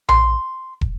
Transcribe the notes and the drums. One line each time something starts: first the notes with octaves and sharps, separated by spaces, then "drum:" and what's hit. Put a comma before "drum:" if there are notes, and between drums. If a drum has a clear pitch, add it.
C6, drum: tom A#1
drum: kick